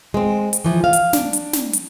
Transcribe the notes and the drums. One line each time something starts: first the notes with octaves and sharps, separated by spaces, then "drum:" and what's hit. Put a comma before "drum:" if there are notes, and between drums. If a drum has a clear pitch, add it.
G#3 C4
drum: hi-hat
E3 F3
F5
drum: hi-hat
D4, drum: snare
drum: hi-hat
drum: snare
drum: hi-hat